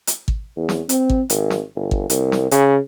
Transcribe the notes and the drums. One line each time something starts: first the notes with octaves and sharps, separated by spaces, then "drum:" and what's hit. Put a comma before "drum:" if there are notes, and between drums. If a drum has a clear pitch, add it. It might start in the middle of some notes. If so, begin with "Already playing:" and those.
drum: hi-hat
drum: kick
E2
drum: snare
C4, drum: hi-hat
drum: kick
G#1, drum: hi-hat
drum: snare
G1
drum: kick
C2, drum: hi-hat
drum: snare
C#3, drum: hi-hat